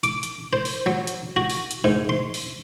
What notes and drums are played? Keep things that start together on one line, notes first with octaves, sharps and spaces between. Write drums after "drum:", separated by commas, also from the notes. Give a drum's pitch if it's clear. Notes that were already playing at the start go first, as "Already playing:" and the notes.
D6, drum: hi-hat
drum: hi-hat
C5
drum: open hi-hat
F#3
drum: hi-hat
F#4
drum: open hi-hat
drum: hi-hat
G#2
C6
drum: open hi-hat